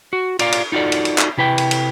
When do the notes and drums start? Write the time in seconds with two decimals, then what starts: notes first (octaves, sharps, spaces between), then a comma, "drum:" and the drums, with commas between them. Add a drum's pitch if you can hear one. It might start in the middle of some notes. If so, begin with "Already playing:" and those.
0.13 F#4
0.39 F4 D5 F5, drum: cymbal
0.52 drum: cymbal
0.72 D#4 F4 F#4 A4 D5
0.92 drum: cymbal
1.05 drum: cymbal
1.18 drum: clap
1.38 C3 E4 B4 G5
1.58 drum: cymbal
1.71 drum: cymbal